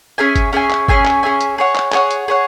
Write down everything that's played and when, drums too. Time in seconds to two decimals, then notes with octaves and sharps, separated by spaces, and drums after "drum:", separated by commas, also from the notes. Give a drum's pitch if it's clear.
0.18 C#4 G#4 E5 G#5
0.36 drum: kick G1, hi-hat
0.53 C#4 G#4 E5 G#5
0.71 drum: clap
0.88 C#4 G#4 E5 G#5, drum: kick G1
1.06 drum: clap
1.23 C#4 G#4 E5 G#5
1.41 drum: hi-hat
1.58 G#4 C#5 F#5
1.76 drum: clap
1.92 G#4 C#5 F#5, drum: clap
2.11 drum: hi-hat
2.28 G#4 C#5 F#5